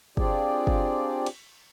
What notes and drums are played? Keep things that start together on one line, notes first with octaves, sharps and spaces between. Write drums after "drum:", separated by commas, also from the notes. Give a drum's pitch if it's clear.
C4 D4 F4 G4 G#4 D5, drum: kick
drum: kick
drum: cymbal